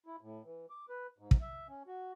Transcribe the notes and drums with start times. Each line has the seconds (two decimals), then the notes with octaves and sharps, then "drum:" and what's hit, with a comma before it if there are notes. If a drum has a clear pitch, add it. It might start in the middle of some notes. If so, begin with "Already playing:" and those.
0.06 E4
0.21 A2
0.45 E3
0.70 D6
0.89 B4
1.18 G#2
1.31 drum: kick
1.41 E5
1.69 C#4
1.87 F#4